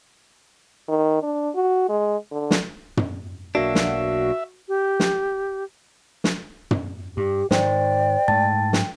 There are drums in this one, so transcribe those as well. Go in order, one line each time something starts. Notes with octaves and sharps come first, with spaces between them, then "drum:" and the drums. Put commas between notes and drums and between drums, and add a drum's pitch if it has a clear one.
D#3
D4
F#4
G#3
D3
drum: snare
drum: tom
B1 A#3 D4 F#4 E5
drum: snare
G4
drum: snare
drum: snare
drum: tom
G2 G4
G#2 D#3 C5 D5 G5, drum: snare
G#2 A3 A5 A6
drum: snare